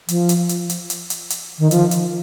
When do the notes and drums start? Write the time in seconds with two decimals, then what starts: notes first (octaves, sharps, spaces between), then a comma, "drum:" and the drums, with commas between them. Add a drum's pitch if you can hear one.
0.09 F3, drum: hi-hat
0.29 drum: hi-hat
0.49 drum: hi-hat
0.70 drum: hi-hat
0.90 drum: hi-hat
1.10 drum: hi-hat
1.30 drum: hi-hat
1.59 D#3
1.71 F3, drum: hi-hat
1.91 drum: hi-hat